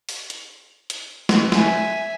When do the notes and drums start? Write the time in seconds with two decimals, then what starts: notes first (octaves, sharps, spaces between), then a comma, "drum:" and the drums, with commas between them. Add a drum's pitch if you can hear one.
0.09 drum: open hi-hat
0.30 drum: hi-hat
0.90 drum: hi-hat
1.29 drum: snare
1.52 E5 G#5, drum: snare